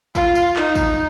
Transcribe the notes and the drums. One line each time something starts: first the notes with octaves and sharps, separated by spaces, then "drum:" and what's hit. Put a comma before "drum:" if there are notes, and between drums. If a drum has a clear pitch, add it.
F4, drum: kick, tambourine
drum: tambourine
D#4, drum: clap
drum: kick, tambourine